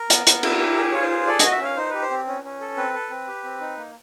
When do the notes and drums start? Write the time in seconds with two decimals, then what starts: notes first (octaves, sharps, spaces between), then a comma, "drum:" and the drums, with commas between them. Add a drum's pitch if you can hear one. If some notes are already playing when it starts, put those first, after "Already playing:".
Already playing: A#4
0.10 B3, drum: hi-hat
0.27 B3, drum: hi-hat
0.43 E4, drum: cymbal
0.60 G4
0.77 G#4
0.92 F4 C#5
1.02 C5
1.10 G#4
1.27 A4 D5
1.39 F#4 D#5, drum: hi-hat
1.52 E5
1.60 C#4 F5
1.77 D#4 C5
1.90 G4 B4
2.02 C5
2.10 C4
2.27 C#4
2.44 C#4
2.61 A4
2.77 C4 B4
2.94 A4
3.10 C4
3.28 G4
3.44 C4
3.61 D#4
3.77 A#3